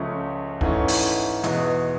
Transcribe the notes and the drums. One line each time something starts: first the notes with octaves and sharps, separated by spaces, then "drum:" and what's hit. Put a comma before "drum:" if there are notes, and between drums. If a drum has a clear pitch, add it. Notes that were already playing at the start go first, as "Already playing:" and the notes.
Already playing: C#2 C#3 F3 A3 C#4
G#2 E3 A3 C#4, drum: kick
drum: open hi-hat
E2 B2 G#3 B3, drum: hi-hat